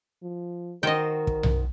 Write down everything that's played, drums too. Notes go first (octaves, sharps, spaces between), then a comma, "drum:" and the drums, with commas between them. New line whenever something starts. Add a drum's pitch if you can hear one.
F3
D#3 F#4 A#4 C5 D#5 G5
drum: kick
drum: tom B1